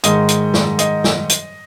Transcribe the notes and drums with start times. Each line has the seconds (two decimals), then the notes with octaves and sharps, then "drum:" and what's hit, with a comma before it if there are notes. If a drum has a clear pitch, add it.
0.04 G#2 D#3 G#3 D#5, drum: hi-hat
0.28 drum: hi-hat
0.54 drum: snare
0.79 D#5, drum: hi-hat
1.04 drum: snare
1.29 drum: hi-hat